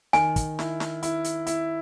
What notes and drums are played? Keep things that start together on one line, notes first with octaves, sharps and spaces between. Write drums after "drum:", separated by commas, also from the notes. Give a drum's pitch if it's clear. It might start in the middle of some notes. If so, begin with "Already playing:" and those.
D#3 G#5, drum: snare
drum: kick, hi-hat
E4, drum: snare
drum: snare
E4, drum: hi-hat
drum: hi-hat
E4, drum: hi-hat